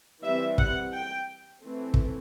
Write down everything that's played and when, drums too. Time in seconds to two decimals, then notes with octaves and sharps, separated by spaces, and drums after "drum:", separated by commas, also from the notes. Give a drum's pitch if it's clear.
0.23 E3 G3 C4 E5
0.58 F#5, drum: kick
0.93 G5
1.62 E3 A3 C4
1.94 drum: kick